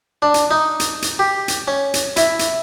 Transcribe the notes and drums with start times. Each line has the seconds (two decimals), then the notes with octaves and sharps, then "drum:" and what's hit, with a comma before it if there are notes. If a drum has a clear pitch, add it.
0.22 D4
0.34 drum: hi-hat
0.51 D#4
0.80 drum: hi-hat
1.02 drum: hi-hat
1.19 G4
1.48 drum: hi-hat
1.68 C#4
1.94 drum: hi-hat
2.16 E4, drum: hi-hat
2.39 drum: hi-hat